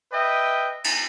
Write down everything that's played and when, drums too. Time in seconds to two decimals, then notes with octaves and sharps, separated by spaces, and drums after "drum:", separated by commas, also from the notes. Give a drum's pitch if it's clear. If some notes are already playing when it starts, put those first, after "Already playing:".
0.12 B4 D#5 E5 G5
0.84 drum: cymbal